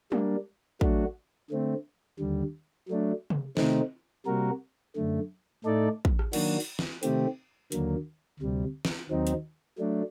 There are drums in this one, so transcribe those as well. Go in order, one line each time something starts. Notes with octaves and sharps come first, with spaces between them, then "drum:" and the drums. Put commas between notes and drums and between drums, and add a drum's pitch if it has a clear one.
G3 A#3 D4, drum: tom G#3
F#3 A3 D4 F#4, drum: kick
D3 A3 C4
D#2 D3 G3
F#3 A3 D4
drum: tom C3
C3 D#3 A3 C4 D#4, drum: snare
C3 G3 A#3 F#4 A#4
F#2 D3 A3
A2 A3 D#4 A4 D5
drum: kick
drum: rim click
D#3 F#3 A#3 D4 F#4, drum: cymbal
drum: open hi-hat
drum: snare
C3 D#3 A3 C4 G4, drum: hi-hat
D#2 D3 F#3 A#3, drum: hi-hat
D2 C3 G3
drum: snare
D#2 D#3 F#3 C4 D#4
drum: hi-hat
F#3 A3 D4